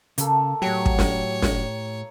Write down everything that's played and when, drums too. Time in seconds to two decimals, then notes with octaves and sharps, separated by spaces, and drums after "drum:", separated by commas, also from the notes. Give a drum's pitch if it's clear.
0.18 C#3 A#3 A4, drum: hi-hat
0.62 A2 F#3 G4 C#5
0.86 drum: kick
0.99 drum: snare
1.42 drum: snare